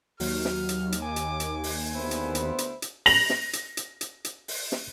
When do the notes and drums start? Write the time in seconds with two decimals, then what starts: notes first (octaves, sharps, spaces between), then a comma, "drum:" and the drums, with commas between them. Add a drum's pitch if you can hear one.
0.20 D#2 F#3 F6, drum: open hi-hat
0.45 drum: snare
0.69 drum: hi-hat
0.92 drum: hi-hat
1.02 G#5 D6
1.16 drum: hi-hat
1.40 drum: hi-hat
1.64 drum: open hi-hat
1.94 D2 B3 E4 C5
2.11 drum: hi-hat
2.35 drum: hi-hat
2.58 drum: hi-hat
2.82 drum: hi-hat
3.06 A#6 F7 F#7, drum: open hi-hat
3.30 drum: snare
3.53 drum: hi-hat
3.77 drum: hi-hat
4.01 drum: hi-hat
4.24 drum: hi-hat
4.48 drum: open hi-hat
4.72 drum: snare